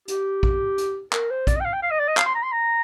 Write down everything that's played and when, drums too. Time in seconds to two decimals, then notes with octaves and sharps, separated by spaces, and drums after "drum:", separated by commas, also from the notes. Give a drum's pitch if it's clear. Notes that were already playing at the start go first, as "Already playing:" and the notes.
0.08 G4, drum: hi-hat
0.43 drum: kick A#1
0.78 drum: hi-hat
1.13 A#4, drum: clap
1.31 C5
1.47 D5, drum: kick A#1, hi-hat
1.56 D#5
1.60 G5
1.65 F5
1.73 G5
1.82 F5
1.91 D#5
1.99 D5
2.08 D#5
2.17 F5, drum: clap
2.26 C6
2.35 A#5
2.43 C6
2.52 A#5